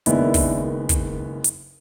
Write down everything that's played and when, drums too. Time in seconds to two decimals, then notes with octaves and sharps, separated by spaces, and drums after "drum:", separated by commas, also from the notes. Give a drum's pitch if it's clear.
0.06 F#1 F#2 D#3 G#3 B3 D4 E4, drum: hi-hat
0.34 drum: kick, open hi-hat
0.89 drum: kick, hi-hat
1.44 drum: hi-hat